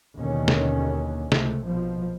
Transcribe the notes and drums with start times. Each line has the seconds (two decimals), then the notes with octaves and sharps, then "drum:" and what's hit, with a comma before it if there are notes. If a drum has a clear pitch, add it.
0.17 D#2 B2 D3 D#3 C#4
0.48 drum: snare
1.32 C#2 C3 A3, drum: snare
1.64 A#1 B2 F3